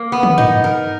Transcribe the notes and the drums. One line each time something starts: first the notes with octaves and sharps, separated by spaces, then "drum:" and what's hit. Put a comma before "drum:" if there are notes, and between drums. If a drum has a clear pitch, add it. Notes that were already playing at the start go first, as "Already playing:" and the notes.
Already playing: A#3
B3
drum: tom
D#4, drum: tom G2
A#4